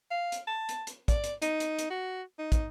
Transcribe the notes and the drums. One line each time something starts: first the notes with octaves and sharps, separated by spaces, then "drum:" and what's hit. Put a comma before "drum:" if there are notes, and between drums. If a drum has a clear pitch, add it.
F5
drum: hi-hat
A5
drum: hi-hat
drum: hi-hat
D5, drum: kick, hi-hat
drum: hi-hat
D#4, drum: hi-hat
drum: hi-hat
drum: hi-hat
F#4
D#4
drum: kick, hi-hat